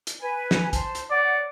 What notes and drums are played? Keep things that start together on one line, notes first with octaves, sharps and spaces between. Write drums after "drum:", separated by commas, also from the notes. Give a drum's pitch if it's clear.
drum: hi-hat
B4 G#5
drum: snare
C5 A5, drum: kick, hi-hat
drum: hi-hat
C#5 D5 F#5